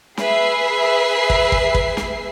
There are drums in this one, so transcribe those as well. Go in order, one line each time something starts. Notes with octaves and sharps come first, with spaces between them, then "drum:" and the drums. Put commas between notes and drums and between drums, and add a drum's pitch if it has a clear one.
G#4 B4 E5 C7, drum: snare
drum: kick
drum: kick
drum: kick
drum: snare